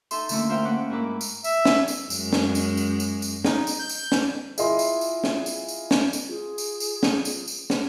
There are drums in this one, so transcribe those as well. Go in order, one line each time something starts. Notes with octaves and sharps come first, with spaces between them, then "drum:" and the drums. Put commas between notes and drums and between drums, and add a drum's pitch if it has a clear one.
D#4 A4 E5 C6, drum: tambourine
D3 E3 A3 A#3 C#4 E4, drum: tambourine
F4 A#4 C5 E5 F5 G5
A#3 C#4 B4 F#5 D6
G#2 A#3 E4 A#4 B4 D6
drum: tambourine
E5, drum: tambourine
drum: snare
drum: tambourine
F#2 G#3, drum: tambourine
drum: snare
drum: tambourine
drum: tambourine
drum: tambourine
drum: tambourine
D#4, drum: snare
drum: tambourine
G6
drum: tambourine
drum: snare
E4 F4 G#4 D#5 C6, drum: tambourine
drum: tambourine
drum: tambourine
drum: snare
drum: tambourine
drum: tambourine
drum: snare
drum: tambourine
F4 G#4
drum: tambourine
drum: tambourine
drum: snare
drum: tambourine
drum: tambourine
drum: snare